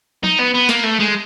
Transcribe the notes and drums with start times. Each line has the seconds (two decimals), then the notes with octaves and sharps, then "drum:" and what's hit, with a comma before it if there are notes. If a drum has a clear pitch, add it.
0.23 D#4, drum: tom
0.39 B3
0.54 B3
0.69 A#3, drum: snare
0.83 A3
0.99 G#3